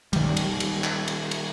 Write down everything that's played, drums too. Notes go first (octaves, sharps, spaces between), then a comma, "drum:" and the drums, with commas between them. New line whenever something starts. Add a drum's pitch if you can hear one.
D#3 G3, drum: cymbal
drum: cymbal
drum: cymbal
drum: clap
drum: cymbal
drum: cymbal